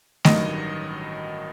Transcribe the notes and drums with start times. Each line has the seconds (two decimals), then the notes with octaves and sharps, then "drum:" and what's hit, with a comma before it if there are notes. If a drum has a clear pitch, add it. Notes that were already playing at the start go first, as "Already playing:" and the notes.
0.25 A1 G2 D#3 F#3 D#5, drum: snare A3